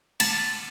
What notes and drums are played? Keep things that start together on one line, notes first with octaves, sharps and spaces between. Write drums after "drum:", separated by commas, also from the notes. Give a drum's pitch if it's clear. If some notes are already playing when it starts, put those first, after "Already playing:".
A5, drum: cymbal